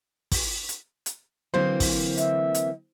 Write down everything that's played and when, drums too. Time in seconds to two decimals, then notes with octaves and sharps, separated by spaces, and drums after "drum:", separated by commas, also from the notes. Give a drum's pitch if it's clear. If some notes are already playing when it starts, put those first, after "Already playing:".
0.32 drum: kick, open hi-hat
0.69 drum: hi-hat
1.06 drum: hi-hat
1.54 D3 E3 F#3 A#3 C4 C5
1.80 drum: kick, open hi-hat
2.17 E5, drum: hi-hat
2.55 drum: hi-hat